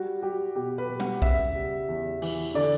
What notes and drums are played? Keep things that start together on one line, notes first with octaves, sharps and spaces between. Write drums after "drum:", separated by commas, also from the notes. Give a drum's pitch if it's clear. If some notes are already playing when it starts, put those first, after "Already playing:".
Already playing: G3 F#4
G3 G4
B2 G4
B4
B2
F#5, drum: tom G3
C#3 E5, drum: kick
G3
E2
E3, drum: open hi-hat
D3 D5